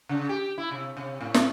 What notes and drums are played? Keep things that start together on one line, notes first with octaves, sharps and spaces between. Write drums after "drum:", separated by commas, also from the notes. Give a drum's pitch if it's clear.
C#3
G4
E4
C3
C3
A2
drum: snare